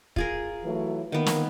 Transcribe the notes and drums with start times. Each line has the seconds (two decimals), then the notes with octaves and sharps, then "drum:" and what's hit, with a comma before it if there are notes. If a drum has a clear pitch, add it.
0.16 F4 G#4 A#4, drum: kick
0.64 E3 F#3 A3
1.12 D#3 A#3 B3
1.26 drum: snare